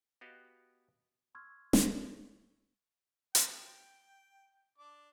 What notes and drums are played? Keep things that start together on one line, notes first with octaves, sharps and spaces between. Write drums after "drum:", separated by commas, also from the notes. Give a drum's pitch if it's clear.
B3 F#4 G4 D#5 F5
C6 C#6 E6 F6 G#6
drum: snare
G5, drum: hi-hat
D4 D6